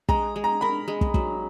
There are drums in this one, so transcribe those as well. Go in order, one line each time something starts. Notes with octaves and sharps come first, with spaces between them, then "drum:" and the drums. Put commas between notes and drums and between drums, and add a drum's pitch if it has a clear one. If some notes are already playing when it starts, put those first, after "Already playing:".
G#3 A#5, drum: kick
G#3
A#5
A#4 B5
G#3
drum: kick
F#3, drum: kick